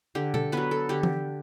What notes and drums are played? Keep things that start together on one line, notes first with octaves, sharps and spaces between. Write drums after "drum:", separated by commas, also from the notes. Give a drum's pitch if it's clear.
D3 G4
A4, drum: tom B2
F#3 B3 B4
A4
D3 G4
drum: tom E3